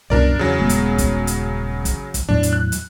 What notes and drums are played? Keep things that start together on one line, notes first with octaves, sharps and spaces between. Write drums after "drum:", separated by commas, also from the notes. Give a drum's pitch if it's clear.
C2 F#2 B2 D4 A#4 D5
E2 C#3 F#3 A#6
D#1 G#3 B3
drum: hi-hat
drum: kick, hi-hat
drum: hi-hat
drum: kick, hi-hat
drum: kick, hi-hat
E2 A2 F#3 D4
drum: hi-hat
F#6
drum: hi-hat